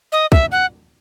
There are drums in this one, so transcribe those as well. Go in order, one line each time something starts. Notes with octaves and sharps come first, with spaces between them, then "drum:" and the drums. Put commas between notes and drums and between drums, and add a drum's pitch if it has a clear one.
D#5
E5, drum: kick
F#5